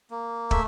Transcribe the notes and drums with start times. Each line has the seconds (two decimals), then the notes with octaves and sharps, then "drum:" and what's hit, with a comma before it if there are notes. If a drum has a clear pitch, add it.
0.11 A#3
0.51 A3 E5, drum: kick